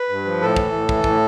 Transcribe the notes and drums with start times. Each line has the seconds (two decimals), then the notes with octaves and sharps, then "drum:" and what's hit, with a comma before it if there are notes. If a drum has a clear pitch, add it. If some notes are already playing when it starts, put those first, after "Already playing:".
Already playing: B4
0.09 G2
0.25 F3
0.41 A2 A4
0.56 E3, drum: kick
0.73 A2
0.89 E3, drum: kick
1.04 A2, drum: kick